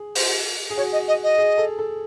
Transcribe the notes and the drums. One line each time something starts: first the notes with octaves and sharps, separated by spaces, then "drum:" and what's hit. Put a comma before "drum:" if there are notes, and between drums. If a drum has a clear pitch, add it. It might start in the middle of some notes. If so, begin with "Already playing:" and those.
Already playing: G#4
C5, drum: open hi-hat
G#4
F#4 C#5
D#5
D#5
D#5
G#4
A4
A4